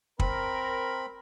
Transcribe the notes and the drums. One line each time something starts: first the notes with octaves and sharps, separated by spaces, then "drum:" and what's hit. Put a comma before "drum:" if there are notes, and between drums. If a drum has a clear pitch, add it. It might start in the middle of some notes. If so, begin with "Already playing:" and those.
C4 A#4 B5, drum: kick